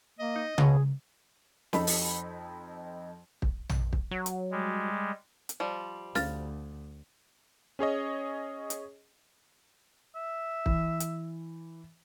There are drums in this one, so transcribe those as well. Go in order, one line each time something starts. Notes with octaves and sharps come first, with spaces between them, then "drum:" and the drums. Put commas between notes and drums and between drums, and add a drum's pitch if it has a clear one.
A#3 D#5
D#4
C#2 B2 G#4, drum: tom C#3
F2 D#4 A4 B5, drum: snare
drum: open hi-hat
drum: kick
drum: tom A#1
drum: kick
F#3
drum: hi-hat
G3 G#3
drum: hi-hat
F3 G3
D2 F5 F6 A6, drum: snare
C#4 G#4 C#5 D#5
drum: hi-hat
E5
E3, drum: kick
drum: hi-hat